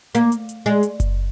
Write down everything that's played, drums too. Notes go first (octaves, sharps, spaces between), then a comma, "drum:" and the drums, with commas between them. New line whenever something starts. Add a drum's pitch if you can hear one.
A#3, drum: hi-hat
drum: hi-hat
drum: hi-hat
G#3
drum: hi-hat
drum: kick F#1, hi-hat